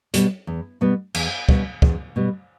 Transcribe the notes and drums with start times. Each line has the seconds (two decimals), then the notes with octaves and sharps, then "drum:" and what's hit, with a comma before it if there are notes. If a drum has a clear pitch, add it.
0.14 B2 G3 B3, drum: hi-hat
0.47 E2
0.81 B2 G3 B3
1.14 E2, drum: cymbal
1.49 B2 G3 B3, drum: kick
1.82 E2, drum: kick
2.16 B2 G3 B3